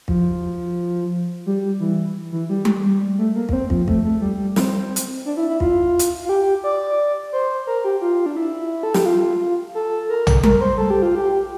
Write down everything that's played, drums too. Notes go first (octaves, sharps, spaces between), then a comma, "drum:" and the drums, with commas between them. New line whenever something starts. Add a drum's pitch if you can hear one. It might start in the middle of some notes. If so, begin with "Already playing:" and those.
F3, drum: kick
G3
E3
E3
G3
drum: tom G3
A3
A#3
A#3, drum: kick
C4
F3, drum: kick
A3, drum: kick
A3
G3
C4, drum: snare
drum: hi-hat
D4
E4
E4
F4, drum: kick
drum: hi-hat
F4
G4
D5
C5
A#4
G4
F4
D4
E4
A4
G4, drum: snare
F4
A4
A#4
drum: tom
A#4, drum: tom G3
C5
A4
G4
F4
G4